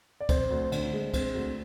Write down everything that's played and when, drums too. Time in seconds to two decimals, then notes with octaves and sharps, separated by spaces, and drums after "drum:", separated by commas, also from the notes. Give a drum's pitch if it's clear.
0.20 D5
0.29 C4 C5, drum: kick C#2, cymbal
0.50 D2
0.72 D3, drum: cymbal
0.93 G#3
1.14 C4, drum: kick C#2, cymbal
1.35 D2